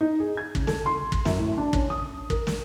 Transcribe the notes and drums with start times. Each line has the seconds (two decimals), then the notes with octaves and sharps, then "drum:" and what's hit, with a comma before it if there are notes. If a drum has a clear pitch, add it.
0.01 D#4
0.20 G#4
0.37 G#6
0.55 C#3, drum: kick
0.67 A4, drum: snare
0.86 C6
1.12 drum: kick
1.25 F#2, drum: snare
1.38 A2
1.58 D4
1.73 C#4, drum: kick
1.90 D#6
2.30 A#4, drum: kick
2.47 drum: snare